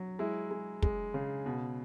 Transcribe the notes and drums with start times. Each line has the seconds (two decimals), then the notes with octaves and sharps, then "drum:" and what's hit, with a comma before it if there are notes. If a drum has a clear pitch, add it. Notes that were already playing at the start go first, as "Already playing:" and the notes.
Already playing: F#3
0.19 G#3 E4
0.51 G#3
0.82 G#3, drum: kick
1.14 C#3
1.46 B2